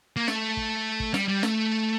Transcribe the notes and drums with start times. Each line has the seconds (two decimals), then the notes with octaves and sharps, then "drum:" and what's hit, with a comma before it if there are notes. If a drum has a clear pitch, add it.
0.16 A#3
0.28 A3, drum: snare
0.57 drum: kick
1.00 drum: kick
1.14 G3, drum: snare
1.29 G3
1.43 A3, drum: snare